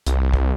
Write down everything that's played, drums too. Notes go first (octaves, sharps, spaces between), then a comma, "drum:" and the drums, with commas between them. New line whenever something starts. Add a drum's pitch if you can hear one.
C2, drum: hi-hat
drum: kick